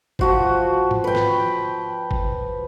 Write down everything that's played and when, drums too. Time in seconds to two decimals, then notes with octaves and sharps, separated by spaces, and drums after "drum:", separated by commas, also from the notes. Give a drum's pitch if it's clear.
0.19 F3 F#4 C5, drum: kick G1
0.91 drum: tom G#2
1.04 B4 G5
1.15 drum: snare
2.11 drum: kick G1